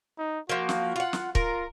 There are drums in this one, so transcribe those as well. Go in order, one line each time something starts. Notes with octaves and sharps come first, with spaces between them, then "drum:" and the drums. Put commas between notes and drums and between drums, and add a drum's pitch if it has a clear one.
D#4
F3 A#3 F#4
drum: snare
F4 F#5
drum: snare
F4 A#4, drum: kick C#1